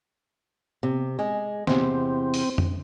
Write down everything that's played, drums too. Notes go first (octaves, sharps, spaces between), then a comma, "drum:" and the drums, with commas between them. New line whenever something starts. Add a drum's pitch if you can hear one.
C3
G#3 G#4
E2 C3 C4, drum: snare
drum: open hi-hat
drum: tom F2